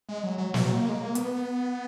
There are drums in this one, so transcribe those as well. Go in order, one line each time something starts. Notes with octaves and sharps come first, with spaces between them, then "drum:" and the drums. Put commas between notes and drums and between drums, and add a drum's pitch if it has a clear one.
G#3
F#3
F#3
F#3, drum: snare
A#3
G#3
A#3
B3, drum: hi-hat